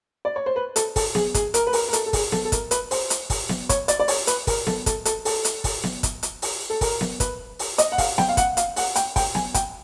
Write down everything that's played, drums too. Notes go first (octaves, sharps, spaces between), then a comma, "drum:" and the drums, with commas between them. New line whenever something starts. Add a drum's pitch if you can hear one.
D5
C#5
C5
B4
A4, drum: hi-hat
A4, drum: kick, open hi-hat
G#4, drum: snare B3
G#4, drum: kick, hi-hat
A#4, drum: hi-hat
B4
A#4, drum: open hi-hat
A#4
A4, drum: hi-hat
A4
G#4, drum: kick, open hi-hat
A4, drum: snare B3
A4
A#4, drum: kick, hi-hat
B4, drum: hi-hat
C5, drum: open hi-hat
drum: hi-hat
drum: kick, open hi-hat
drum: snare B3
C#5, drum: kick, hi-hat
D5, drum: hi-hat
D5
C#5, drum: open hi-hat
B4, drum: hi-hat
A#4, drum: kick, open hi-hat
A4, drum: snare B3
A4, drum: kick, hi-hat
A4, drum: hi-hat
A4, drum: open hi-hat
drum: hi-hat
drum: kick, open hi-hat
drum: snare B3
drum: kick, hi-hat
drum: hi-hat
drum: open hi-hat
A4
A#4, drum: kick, open hi-hat
drum: snare B3
B4, drum: kick, hi-hat
drum: open hi-hat
D#5, drum: hi-hat
F#5
F5, drum: kick, open hi-hat
G5, drum: snare B3
F5
F#5, drum: kick, hi-hat
F5, drum: hi-hat
F#5, drum: open hi-hat
G5, drum: hi-hat
G5, drum: kick, open hi-hat
G#5, drum: snare B3
G5, drum: kick, hi-hat